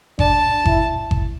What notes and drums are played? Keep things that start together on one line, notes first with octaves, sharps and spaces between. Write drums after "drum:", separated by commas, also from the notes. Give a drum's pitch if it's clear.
D4 A5, drum: kick G1
E4, drum: kick G1
drum: kick G1